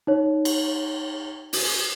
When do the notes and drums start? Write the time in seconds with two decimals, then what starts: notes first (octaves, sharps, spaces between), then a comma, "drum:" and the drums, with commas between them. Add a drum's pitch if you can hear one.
0.07 D#4 C#5
0.45 drum: cymbal
1.53 drum: open hi-hat